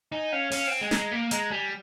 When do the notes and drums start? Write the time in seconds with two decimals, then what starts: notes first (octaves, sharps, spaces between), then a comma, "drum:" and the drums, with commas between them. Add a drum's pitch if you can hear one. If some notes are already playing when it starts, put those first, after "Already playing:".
0.12 D#4 G#5
0.32 C#4 F5
0.52 C#4 F5, drum: open hi-hat
0.67 C4 G#5
0.81 G#3
0.91 A#5, drum: snare
0.96 G#3
1.12 A#3
1.31 G#3 A#5, drum: hi-hat
1.51 G3 G#5